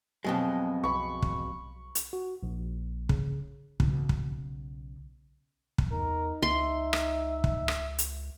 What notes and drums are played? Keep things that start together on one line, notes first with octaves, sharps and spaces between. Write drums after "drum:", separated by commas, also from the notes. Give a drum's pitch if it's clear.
F2 B2 F#3 G#3 C4
B1 B5 C#6
drum: kick
drum: hi-hat
F#4
A#1
C#3, drum: kick
B1 C#3, drum: kick
drum: kick
drum: kick
E2 D#4 A#4
C#2 E5 C6
drum: rim click
drum: kick
drum: rim click
drum: hi-hat